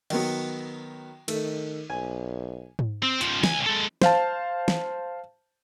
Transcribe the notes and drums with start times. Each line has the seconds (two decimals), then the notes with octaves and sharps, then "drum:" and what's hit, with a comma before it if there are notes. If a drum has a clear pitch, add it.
0.10 D#3 F#3 B3, drum: cymbal
1.28 D#3 A3, drum: cymbal
1.90 B1 G#5
2.79 drum: tom G#2
3.03 C4
3.21 C#2 F3, drum: hi-hat
3.44 C#2 G#5, drum: snare
3.66 G#3 A4
4.01 C5 F5 A5, drum: snare
4.68 drum: snare